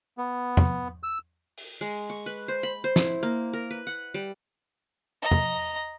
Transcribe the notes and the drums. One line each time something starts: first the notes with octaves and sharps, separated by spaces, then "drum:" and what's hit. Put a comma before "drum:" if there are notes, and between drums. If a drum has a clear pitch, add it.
B3
drum: tom E2
E6
drum: open hi-hat
G#3
C#6
B4
C5
B5
C5
E4, drum: snare
A#3
A#4
B4
F#5
G3
D#5 A#5
drum: tom E2